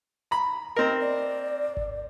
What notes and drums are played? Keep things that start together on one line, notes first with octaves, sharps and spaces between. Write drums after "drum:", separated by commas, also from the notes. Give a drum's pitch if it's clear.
A#5 B5
C4 A#4 D#5
D5
drum: kick G#1